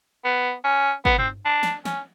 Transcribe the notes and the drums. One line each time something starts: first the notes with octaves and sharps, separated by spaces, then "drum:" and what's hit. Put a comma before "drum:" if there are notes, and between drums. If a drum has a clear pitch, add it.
B3
C#4
B3, drum: kick
C4, drum: tom G2
D4
drum: snare
C#4, drum: snare